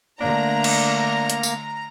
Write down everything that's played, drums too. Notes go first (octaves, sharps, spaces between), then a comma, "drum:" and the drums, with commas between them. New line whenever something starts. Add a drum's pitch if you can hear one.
D3 A3 A#3 D4 A#5
drum: cymbal
drum: hi-hat
drum: tambourine